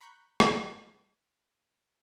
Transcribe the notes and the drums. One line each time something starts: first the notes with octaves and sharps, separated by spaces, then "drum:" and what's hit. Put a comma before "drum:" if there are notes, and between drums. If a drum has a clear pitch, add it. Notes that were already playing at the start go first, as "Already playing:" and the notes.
A#5 B5 C#6 F#6 G6
drum: rim click